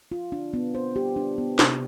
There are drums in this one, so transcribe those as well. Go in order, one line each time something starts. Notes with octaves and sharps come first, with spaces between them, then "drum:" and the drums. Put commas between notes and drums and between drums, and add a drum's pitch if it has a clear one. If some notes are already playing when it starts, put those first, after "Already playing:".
F4
D4
B3
C5
G4
D4
B3
C3, drum: snare